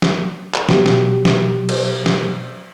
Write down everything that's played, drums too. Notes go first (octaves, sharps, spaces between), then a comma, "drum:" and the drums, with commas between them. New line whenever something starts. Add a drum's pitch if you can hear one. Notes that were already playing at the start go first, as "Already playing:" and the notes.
drum: snare
drum: clap
B2 F#3 G4, drum: snare
drum: snare
drum: snare
drum: cymbal
drum: snare